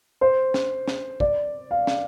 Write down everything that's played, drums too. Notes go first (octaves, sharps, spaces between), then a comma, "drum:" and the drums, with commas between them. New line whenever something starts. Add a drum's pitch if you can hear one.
C5
drum: snare
drum: snare
D5, drum: kick
F5
drum: snare